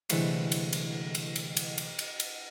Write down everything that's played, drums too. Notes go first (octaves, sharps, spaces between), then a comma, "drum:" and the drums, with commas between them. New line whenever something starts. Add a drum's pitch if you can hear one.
C2 D3 E3 G#3 A3 C4, drum: cymbal
drum: cymbal
drum: cymbal
drum: cymbal
drum: cymbal
drum: cymbal
drum: cymbal
drum: cymbal
drum: cymbal